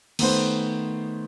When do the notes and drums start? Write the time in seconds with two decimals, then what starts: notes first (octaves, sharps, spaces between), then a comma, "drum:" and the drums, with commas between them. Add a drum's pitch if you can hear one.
0.19 D#3 A3 B3 C5, drum: cymbal